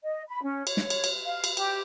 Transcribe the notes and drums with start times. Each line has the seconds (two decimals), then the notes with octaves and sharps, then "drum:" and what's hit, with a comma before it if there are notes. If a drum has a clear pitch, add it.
0.04 D#5
0.28 B5
0.43 C#4
0.67 C#5, drum: cymbal
0.77 drum: snare
0.90 drum: cymbal
1.04 drum: cymbal
1.25 F5
1.44 drum: cymbal
1.57 G4, drum: cymbal